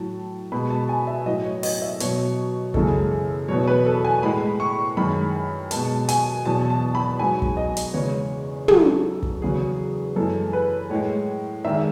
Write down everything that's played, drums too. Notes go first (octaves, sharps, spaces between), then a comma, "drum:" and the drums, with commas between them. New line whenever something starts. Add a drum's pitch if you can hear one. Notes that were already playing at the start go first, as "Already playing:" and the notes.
Already playing: A2 F#3 A5
B2 G#3 B5
A5
G#5
E5
A2 F#3 D#5
C#5
D#5, drum: open hi-hat
E5
B2 F#3 C#5, drum: hi-hat
F#2 C#3 E3 G#3 A4, drum: kick
E2 B2 F#3 C#5
B4
A4
G#5
A2 G#3 B5
C#6
F#2 D#3 G#3 B5
B2 G#3 A5, drum: hi-hat
G#5, drum: hi-hat
E2 B2 F#3 A5
A5
B5
G#2 F#3 G#5
drum: kick
D#5
drum: hi-hat
E2 C#3 E3 G#3 C#5
G#2 F#3 A4, drum: tom
drum: kick
E2 C#3 F#3 G#4
F#2 E3 G#3 A4
B4
A2 G#3 C#5
G#2 D#3 G#3 E5
E5